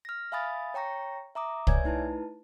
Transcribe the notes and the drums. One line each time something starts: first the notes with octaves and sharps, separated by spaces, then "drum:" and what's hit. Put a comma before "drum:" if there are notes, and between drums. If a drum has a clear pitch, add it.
F6 A#6
E5 F5 G#5 B5 D#6 A6
C#5 G5 A#5 C#6 A#6
E5 A#5 D6 D#6
B4 C#5 D5 E5 G#5 G#6, drum: kick
A3 D#4 E4 B4 A5